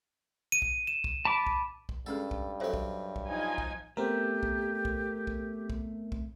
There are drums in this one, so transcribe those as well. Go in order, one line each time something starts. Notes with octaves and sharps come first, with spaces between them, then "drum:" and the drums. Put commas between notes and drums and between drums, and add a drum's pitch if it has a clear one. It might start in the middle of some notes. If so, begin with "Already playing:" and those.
D#7
drum: kick
E7
drum: kick
A5 B5 D6
drum: kick
drum: kick
G2 G#3 C#4 G#4 A4
drum: kick
F#2 C4 A4 C5 E5
drum: kick
drum: kick
F3 D#4 G#5
drum: kick
A3 B3 C4 G4 A#4
drum: kick
drum: kick
drum: kick
drum: kick
drum: kick